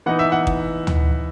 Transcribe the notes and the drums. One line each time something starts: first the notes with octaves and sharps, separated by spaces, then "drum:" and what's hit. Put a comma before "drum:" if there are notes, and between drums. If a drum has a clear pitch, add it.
E3 B3 D#4 F#5
E5
F#5
drum: kick
drum: tom